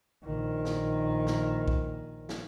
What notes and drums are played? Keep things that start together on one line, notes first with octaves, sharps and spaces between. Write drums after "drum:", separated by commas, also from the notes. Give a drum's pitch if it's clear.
A#1 D#3
drum: snare
drum: snare
drum: kick B1
drum: snare